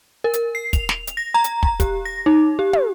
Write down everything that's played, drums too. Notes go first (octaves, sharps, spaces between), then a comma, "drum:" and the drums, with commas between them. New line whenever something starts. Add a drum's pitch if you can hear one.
A#4
drum: hi-hat
C7
F7, drum: kick, hi-hat
drum: snare
drum: hi-hat
A#6
A#5
drum: hi-hat
A#5, drum: kick
G4, drum: kick, hi-hat
A#6
D#4
G4
drum: tom